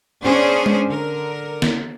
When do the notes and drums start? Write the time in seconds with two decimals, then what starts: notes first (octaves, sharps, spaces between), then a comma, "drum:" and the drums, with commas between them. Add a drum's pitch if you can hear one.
0.24 B3 C#4 D4 G#4 C5
0.66 drum: tom G#3
0.87 D3 A#4
1.62 drum: snare